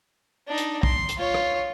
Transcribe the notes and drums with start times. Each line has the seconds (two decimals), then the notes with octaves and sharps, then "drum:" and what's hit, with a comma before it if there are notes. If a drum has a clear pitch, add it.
0.48 D4 D#4
0.58 drum: hi-hat
0.83 C6, drum: kick
1.09 drum: hi-hat
1.18 F4 C#5
1.34 drum: rim click